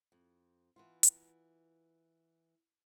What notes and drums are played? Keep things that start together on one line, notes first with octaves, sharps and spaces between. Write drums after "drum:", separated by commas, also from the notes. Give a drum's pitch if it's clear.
F2
E3 B3 F4
drum: hi-hat